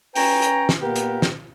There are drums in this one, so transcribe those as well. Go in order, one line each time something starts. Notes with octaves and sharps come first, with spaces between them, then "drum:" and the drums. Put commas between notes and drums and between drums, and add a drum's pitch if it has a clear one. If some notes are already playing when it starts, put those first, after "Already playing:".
C#4 B4 G5 A#5, drum: open hi-hat
drum: hi-hat
drum: snare
A#2 A#3 B3 G4 A#4
drum: hi-hat
drum: snare